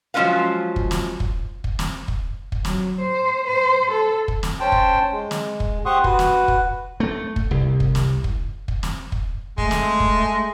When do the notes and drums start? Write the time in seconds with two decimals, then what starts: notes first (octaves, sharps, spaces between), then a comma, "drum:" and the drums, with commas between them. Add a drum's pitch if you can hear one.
0.14 F3 F#3 G#3 C#4 B4 F5
0.76 drum: kick
0.91 drum: snare
1.20 drum: kick
1.64 drum: kick
1.79 drum: snare
2.08 drum: kick
2.52 drum: kick
2.65 F#3, drum: snare
3.00 C5
3.47 C5
3.91 A4
4.28 drum: kick
4.43 drum: snare
4.60 C#4 C5 G5 A5
4.72 drum: kick
5.12 G#3
5.31 drum: snare
5.60 drum: kick
5.85 G4 C5 F#5 C6 C#6 D#6
6.04 F#4 B4, drum: kick
6.19 drum: snare
6.48 drum: kick
7.00 A3
7.36 drum: kick
7.51 C2
7.80 drum: kick
7.95 drum: snare
8.24 drum: kick
8.68 drum: kick
8.83 drum: snare
9.12 drum: kick
9.58 G#3 A3, drum: kick
9.71 drum: snare
10.00 drum: kick